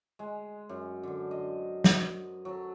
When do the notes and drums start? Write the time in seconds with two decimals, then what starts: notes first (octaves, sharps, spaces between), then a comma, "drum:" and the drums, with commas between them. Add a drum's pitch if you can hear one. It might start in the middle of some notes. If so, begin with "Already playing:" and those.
0.19 G#3
0.69 F#2
1.03 D3 C5
1.31 D#5
1.84 drum: snare
2.45 F#3 A4